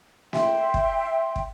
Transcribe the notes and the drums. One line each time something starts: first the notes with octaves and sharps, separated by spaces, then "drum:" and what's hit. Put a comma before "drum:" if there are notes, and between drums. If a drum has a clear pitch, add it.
E5 G5 C6, drum: snare
drum: kick
drum: kick